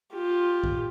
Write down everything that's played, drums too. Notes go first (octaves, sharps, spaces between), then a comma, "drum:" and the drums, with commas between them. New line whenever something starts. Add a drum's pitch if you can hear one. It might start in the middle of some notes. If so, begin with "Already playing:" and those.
F4 G4
drum: kick B1